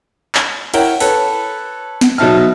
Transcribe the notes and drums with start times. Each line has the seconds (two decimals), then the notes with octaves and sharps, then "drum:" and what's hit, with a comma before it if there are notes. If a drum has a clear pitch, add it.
0.35 drum: clap
0.74 E4 A#4 C#5 F#5 G5, drum: cymbal
1.00 A4 B4 C#5, drum: open hi-hat
2.01 drum: snare
2.18 B2 F#3 D#4 E5 A5 F6